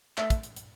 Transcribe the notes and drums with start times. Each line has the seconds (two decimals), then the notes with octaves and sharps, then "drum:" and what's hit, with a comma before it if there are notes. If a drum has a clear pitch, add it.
0.18 A3 E5, drum: clap
0.30 drum: kick, hi-hat
0.43 drum: hi-hat
0.56 drum: hi-hat